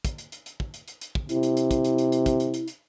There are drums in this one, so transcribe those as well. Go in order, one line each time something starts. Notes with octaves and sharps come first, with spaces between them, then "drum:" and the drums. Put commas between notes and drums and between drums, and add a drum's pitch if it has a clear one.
drum: kick, hi-hat
drum: hi-hat
drum: hi-hat
drum: hi-hat
drum: kick
drum: hi-hat
drum: hi-hat
drum: hi-hat
drum: kick
C3 E4, drum: hi-hat
drum: hi-hat
drum: hi-hat
drum: kick, hi-hat
drum: hi-hat
drum: hi-hat
drum: hi-hat
drum: kick, hi-hat
drum: hi-hat
drum: hi-hat
drum: hi-hat